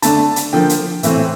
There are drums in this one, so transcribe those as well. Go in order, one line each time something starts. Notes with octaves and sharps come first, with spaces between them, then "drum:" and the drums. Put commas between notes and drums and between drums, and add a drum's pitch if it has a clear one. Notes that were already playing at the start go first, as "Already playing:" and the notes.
D3 A3 D4 A5, drum: hi-hat
drum: hi-hat
D3 F3 A#3 G5
drum: hi-hat
A2 E3 A3 C4, drum: hi-hat